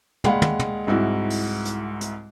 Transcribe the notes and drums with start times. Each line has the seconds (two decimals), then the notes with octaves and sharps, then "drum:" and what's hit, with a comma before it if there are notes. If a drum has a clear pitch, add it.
0.24 D#2 G#3 D5 F5 F#5 B5, drum: tom
0.42 drum: tom
0.59 drum: tom
0.87 C2 G#2 E4 F#4
1.30 drum: open hi-hat
1.66 drum: hi-hat
2.01 drum: hi-hat